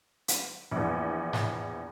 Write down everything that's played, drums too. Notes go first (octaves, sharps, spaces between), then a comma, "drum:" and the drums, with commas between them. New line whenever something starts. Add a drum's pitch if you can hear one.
drum: hi-hat
A#1 E2
drum: snare G#2